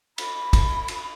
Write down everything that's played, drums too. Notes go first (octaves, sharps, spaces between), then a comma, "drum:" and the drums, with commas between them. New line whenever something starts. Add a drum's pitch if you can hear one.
B5, drum: cymbal
drum: kick, cymbal
drum: cymbal